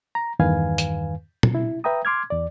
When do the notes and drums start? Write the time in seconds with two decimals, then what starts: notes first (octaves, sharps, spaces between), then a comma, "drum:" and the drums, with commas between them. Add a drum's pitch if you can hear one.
0.15 A#5
0.39 E2 G2 D#3 B4 F5 G#5
0.78 drum: hi-hat
1.43 drum: tom
1.55 E4
1.84 B4 E5 G5 A#5 D#6
2.05 C6 D6 F6 G#6
2.30 E2 D5